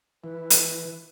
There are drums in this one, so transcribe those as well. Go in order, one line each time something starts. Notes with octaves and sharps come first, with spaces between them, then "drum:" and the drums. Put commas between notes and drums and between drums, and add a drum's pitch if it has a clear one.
E3 B4
drum: hi-hat